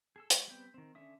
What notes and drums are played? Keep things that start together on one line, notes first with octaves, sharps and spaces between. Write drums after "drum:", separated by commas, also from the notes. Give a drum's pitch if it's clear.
G#4 A4 E6
G#3 G4 G#4 C#5 F#5, drum: hi-hat
G3 B3 C4 B4 G5
D#3 C4
D3 C#4 E5 D#6